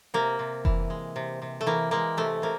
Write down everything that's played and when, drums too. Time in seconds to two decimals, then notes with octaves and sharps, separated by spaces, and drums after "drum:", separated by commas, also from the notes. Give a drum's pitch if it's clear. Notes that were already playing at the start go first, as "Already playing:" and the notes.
0.14 C3 A#3
0.39 C3
0.65 E3, drum: kick F1
0.90 G#3
1.16 C3
1.42 C3
1.61 A3
1.66 E3 A#3
1.91 G#3 A#3
2.17 C3 A3
2.42 C3 A#3